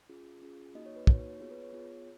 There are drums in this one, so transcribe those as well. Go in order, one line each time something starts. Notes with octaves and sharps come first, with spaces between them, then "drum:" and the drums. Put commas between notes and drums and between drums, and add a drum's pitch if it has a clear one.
C#4 F4 G#4
C#4 F4 G#4
A#3 D#4 F#4 D#5
C#5
B4
A#3 D#4 F#4 C#5, drum: kick
C#5
C#5
B3 F4 G#4 C#5
B4
C#5
B3 F4 G#4